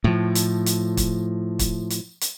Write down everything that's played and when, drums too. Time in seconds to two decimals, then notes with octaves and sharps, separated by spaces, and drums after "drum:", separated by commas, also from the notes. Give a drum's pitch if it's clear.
0.04 A2 F3
0.35 drum: hi-hat
0.66 drum: hi-hat
0.97 drum: kick, hi-hat
1.59 drum: kick, hi-hat
1.90 drum: hi-hat
2.21 drum: hi-hat